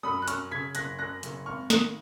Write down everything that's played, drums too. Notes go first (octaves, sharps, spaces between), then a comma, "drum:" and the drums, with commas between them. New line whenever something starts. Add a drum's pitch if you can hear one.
F#2 B5 D#6
F#6
F#2 C#6 F6, drum: hi-hat
C#3 G#6 B6
F#1 F#6 A#6, drum: hi-hat
F#2 F#6 A#6
F#1, drum: hi-hat
G#1 C#6 F6
D#3 D#6 F#6, drum: snare